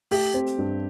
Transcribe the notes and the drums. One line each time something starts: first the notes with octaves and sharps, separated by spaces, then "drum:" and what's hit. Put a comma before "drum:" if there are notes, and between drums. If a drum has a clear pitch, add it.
A3 G4, drum: open hi-hat
C4
drum: hi-hat
G2